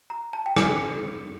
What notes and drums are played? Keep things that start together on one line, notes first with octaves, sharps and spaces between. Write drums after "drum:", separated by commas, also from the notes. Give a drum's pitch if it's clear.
A#5
A5
G5
G#5, drum: rim click